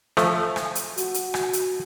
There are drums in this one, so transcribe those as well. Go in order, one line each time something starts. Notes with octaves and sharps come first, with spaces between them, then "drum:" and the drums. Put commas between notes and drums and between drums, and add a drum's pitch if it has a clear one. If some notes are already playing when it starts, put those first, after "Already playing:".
F3 A3, drum: rim click
drum: rim click
drum: hi-hat
F#4, drum: hi-hat
drum: hi-hat
drum: rim click
drum: hi-hat